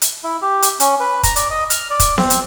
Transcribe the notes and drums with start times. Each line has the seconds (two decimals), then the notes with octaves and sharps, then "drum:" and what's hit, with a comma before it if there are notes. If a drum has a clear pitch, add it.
0.02 drum: hi-hat
0.24 E4
0.42 G4
0.62 drum: hi-hat
0.80 C#4, drum: hi-hat
1.00 B4
1.23 A#5, drum: kick, hi-hat
1.36 D5, drum: hi-hat
1.50 D#5
1.70 F6, drum: hi-hat
1.90 D5
2.00 drum: kick, hi-hat
2.18 C4, drum: snare B3
2.30 drum: hi-hat